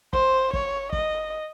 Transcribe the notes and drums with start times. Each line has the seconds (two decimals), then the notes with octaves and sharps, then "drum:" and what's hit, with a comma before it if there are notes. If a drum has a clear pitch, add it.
0.13 C5, drum: kick
0.53 C#5, drum: kick
0.93 D#5, drum: kick